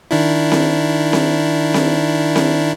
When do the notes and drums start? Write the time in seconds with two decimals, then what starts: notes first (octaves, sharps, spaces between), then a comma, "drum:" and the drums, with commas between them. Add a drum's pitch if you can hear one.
0.11 D#3 D4 E4
0.52 drum: snare C4
1.13 drum: snare C4
1.74 drum: snare C4
2.36 drum: snare C4